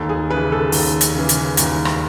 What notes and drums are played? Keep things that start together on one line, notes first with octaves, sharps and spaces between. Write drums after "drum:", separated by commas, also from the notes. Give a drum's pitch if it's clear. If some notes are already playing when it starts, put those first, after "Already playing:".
Already playing: D#2 A4
G#4
C#3 E3 B4
A4
D#2, drum: open hi-hat
drum: hi-hat
C#3 E3
drum: hi-hat
D#2, drum: hi-hat
drum: rim click